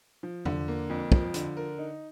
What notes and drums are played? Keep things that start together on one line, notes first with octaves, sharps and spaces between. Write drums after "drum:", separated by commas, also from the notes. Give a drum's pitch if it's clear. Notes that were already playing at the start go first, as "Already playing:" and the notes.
F3
D3, drum: tom E2
A#3
F2
F3, drum: kick
D3, drum: hi-hat
A#4
D#4